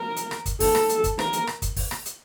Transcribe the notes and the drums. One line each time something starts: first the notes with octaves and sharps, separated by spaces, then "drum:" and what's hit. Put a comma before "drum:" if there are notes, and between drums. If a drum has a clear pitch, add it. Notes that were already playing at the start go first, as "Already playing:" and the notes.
Already playing: A#4
drum: hi-hat
drum: rim click
drum: kick, hi-hat
A4, drum: kick, open hi-hat
drum: rim click
drum: hi-hat
drum: kick, hi-hat
A#4, drum: rim click
drum: hi-hat
drum: rim click
drum: kick, hi-hat
drum: kick, open hi-hat
drum: rim click
drum: hi-hat